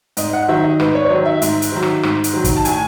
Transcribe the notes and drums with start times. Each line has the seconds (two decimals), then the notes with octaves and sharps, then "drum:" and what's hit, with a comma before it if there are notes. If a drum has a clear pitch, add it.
0.17 G#2 D#5, drum: hi-hat
0.33 F#5
0.48 D#3 F#3 E5
0.63 D#5
0.80 G#2 B4, drum: rim click
0.95 C#5
1.05 C#5
1.10 D#3 F#3 D#5
1.25 E5
1.42 G#2, drum: hi-hat
1.62 drum: hi-hat
1.72 D#3 F#3
1.82 drum: rim click
2.03 G#2, drum: rim click
2.24 drum: hi-hat
2.34 D#3 F#3
2.44 drum: kick, hi-hat
2.57 A5
2.65 A2 G#5, drum: hi-hat